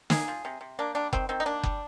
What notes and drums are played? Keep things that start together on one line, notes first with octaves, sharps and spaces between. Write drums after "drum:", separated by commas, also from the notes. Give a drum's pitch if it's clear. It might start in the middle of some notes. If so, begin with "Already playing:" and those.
A#3 G#4, drum: snare
F3
C3
C3
A#3 D4
G3 D4
D#3 C4, drum: kick F#1
D#3 C4
D#4
A#3 D4
G3, drum: kick F#1